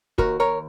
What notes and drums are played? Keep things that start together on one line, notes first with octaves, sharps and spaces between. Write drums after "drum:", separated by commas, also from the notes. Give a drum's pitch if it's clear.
D#2 F#4 A#4, drum: kick
D#2 A#4 C#5